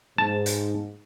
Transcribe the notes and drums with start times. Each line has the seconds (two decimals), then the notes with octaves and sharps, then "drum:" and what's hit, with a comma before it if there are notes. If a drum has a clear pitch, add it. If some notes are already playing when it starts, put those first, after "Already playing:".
0.18 G#2 A5
0.46 drum: hi-hat